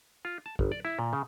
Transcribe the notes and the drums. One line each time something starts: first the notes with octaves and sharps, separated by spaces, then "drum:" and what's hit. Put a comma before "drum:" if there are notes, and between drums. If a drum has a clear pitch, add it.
F4
A5
G1, drum: kick
D5
E4
A#2
C#3